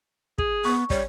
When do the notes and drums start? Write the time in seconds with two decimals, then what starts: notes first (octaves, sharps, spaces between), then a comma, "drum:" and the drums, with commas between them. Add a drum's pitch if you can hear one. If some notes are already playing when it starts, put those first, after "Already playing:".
0.38 G#4, drum: kick
0.65 B3 C#6
0.90 G3 C#5, drum: kick